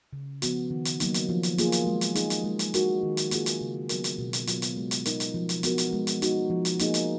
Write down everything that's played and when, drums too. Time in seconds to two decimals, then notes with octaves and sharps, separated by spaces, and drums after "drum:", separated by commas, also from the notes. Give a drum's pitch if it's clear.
0.13 C#3
0.42 F3 B3 F#4, drum: hi-hat
0.71 D#3
0.85 drum: hi-hat
1.00 F#3 A#3 D#4, drum: hi-hat
1.14 drum: hi-hat
1.29 F3
1.43 drum: hi-hat
1.58 A#3 F4 G#4, drum: hi-hat
1.72 drum: hi-hat
1.87 G#3
2.01 drum: hi-hat
2.15 D#4 G#4, drum: hi-hat
2.30 drum: hi-hat
2.44 G#3
2.59 drum: hi-hat
2.74 D#4 F#4 A#4, drum: hi-hat
3.03 D#3
3.17 drum: hi-hat
3.31 A#3 F4 G#4, drum: hi-hat
3.46 drum: hi-hat
3.61 C#3
3.89 F#3 B3 F#4 A#4, drum: hi-hat
4.04 drum: hi-hat
4.18 B2
4.33 drum: hi-hat
4.47 F#3 B3 F4, drum: hi-hat
4.62 drum: hi-hat
4.76 G#3
4.91 drum: hi-hat
5.06 D#4 A#4, drum: hi-hat
5.20 drum: hi-hat
5.34 F3
5.49 drum: hi-hat
5.63 B3 F#4 A#4, drum: hi-hat
5.78 drum: hi-hat
5.93 G#3
6.07 drum: hi-hat
6.22 D#4 F#4, drum: hi-hat
6.50 F3
6.65 drum: hi-hat
6.79 A#3 D#4 G#4, drum: hi-hat
6.94 drum: hi-hat